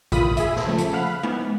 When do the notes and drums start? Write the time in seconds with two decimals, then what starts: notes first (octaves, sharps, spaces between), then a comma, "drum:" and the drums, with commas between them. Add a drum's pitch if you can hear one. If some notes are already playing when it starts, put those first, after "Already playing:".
0.12 E2 A#2 F4 B5 D#6, drum: kick G#1, hi-hat
0.37 G#4 E5, drum: hi-hat
0.56 drum: snare
0.66 C#3 F3 A3
0.78 drum: hi-hat
0.93 F5 F#5 B5
1.23 B3, drum: tom G#3